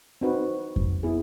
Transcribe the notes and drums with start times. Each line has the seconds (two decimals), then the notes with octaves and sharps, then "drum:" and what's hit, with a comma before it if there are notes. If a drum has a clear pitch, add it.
0.21 C4 D#4 F#4 B4
0.76 drum: kick F2
1.03 B3 E4 G#4